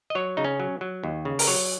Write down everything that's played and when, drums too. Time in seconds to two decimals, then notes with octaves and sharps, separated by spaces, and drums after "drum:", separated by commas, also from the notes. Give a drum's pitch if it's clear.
0.10 D#5
0.15 F#3 C#5
0.37 C#3 D#4
0.44 C#4
0.60 F#3
0.81 F#3
1.04 D#2
1.25 C#3
1.39 A#4, drum: open hi-hat
1.47 F#3 C#5